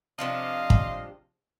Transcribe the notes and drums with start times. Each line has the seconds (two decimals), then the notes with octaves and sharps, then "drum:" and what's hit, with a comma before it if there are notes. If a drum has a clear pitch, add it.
0.19 C3 F3 D4 C5 D#5 F5
0.70 drum: kick